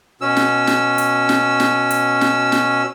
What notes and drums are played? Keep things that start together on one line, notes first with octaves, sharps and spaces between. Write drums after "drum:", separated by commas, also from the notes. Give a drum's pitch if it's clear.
B2 C#4 E6
drum: snare
drum: snare
drum: hi-hat
drum: snare
drum: snare
drum: hi-hat
drum: snare
drum: snare